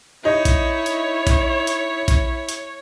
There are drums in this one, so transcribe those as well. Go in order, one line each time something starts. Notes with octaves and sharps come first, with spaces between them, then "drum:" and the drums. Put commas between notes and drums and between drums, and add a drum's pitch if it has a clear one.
D#4 E4 C#5
drum: kick A#1, hi-hat
drum: hi-hat
drum: kick A#1, hi-hat
drum: hi-hat
drum: kick A#1, hi-hat
drum: hi-hat